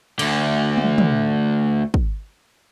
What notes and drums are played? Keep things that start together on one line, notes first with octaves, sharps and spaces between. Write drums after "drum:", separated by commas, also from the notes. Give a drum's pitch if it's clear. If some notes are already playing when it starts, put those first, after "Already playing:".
D2 D3, drum: cymbal
drum: tom
drum: tom
drum: kick